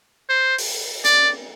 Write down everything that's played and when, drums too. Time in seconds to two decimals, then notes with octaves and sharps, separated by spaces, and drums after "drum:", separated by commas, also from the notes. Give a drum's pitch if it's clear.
0.29 C5
0.58 drum: open hi-hat
1.05 D5, drum: hi-hat